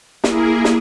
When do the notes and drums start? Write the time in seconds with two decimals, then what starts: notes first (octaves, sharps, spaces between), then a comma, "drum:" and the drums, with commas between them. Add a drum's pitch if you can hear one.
0.24 A#3 E4 G#4 A#4, drum: snare
0.64 drum: snare